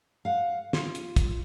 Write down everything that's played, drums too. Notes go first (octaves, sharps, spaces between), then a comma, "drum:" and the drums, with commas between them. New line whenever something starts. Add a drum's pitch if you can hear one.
F5 F#5
F4, drum: snare
drum: hi-hat
drum: kick, hi-hat